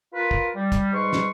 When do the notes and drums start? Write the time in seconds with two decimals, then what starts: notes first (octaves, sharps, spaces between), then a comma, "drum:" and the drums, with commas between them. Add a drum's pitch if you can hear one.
0.13 F4 A#4 B4
0.31 drum: kick
0.55 G3
0.72 drum: kick, hi-hat
0.92 G#2 G3 B4 C6 C#6
1.13 drum: snare